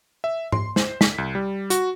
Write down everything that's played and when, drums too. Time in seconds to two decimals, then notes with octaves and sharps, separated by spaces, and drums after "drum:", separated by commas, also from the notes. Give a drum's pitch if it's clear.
0.24 E5
0.52 C6, drum: tom G#2
0.76 C5, drum: snare
1.01 B6, drum: snare
1.18 C2
1.35 G3
1.70 F#4, drum: hi-hat